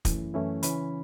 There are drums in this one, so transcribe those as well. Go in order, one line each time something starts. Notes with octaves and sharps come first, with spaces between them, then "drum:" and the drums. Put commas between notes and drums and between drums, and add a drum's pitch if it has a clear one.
F#2 E3 A3 C#4 E4, drum: kick, hi-hat
F#2 E3 A3 C#4 E4
C#3 E3 C#4 B5, drum: hi-hat